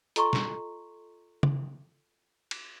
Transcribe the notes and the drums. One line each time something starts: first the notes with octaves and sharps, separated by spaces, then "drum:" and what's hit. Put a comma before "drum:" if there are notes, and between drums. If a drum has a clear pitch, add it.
F4 A4 D#5 A#5 C6 C#6, drum: hi-hat
drum: snare
drum: tom C#3
drum: cymbal